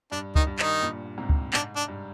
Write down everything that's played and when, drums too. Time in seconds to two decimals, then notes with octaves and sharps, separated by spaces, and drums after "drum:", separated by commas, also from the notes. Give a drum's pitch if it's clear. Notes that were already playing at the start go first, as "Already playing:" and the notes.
0.12 G2 D4
0.35 D#3 D#4, drum: kick C#2
0.47 G2
0.59 D#3 D#4, drum: clap
0.82 G2 A#2
1.18 G#2 C3
1.29 drum: kick C#2
1.53 G#2 D4, drum: clap
1.76 D4
1.88 G2